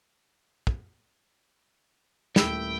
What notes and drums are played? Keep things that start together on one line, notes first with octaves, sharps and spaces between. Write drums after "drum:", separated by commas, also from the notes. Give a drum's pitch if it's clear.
drum: kick
D#1 A3 E4 G5 B5 D6 E6, drum: snare